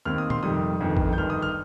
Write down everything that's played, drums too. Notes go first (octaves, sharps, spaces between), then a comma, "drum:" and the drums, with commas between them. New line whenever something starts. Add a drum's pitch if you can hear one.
D#2 D#3 C4 F6
D#6
C6, drum: tom A#2
F2 C3 D#3 G3 D#6
G1 F2 D#3
drum: kick
G6
G1 G2 D#3 F6
D#6
F6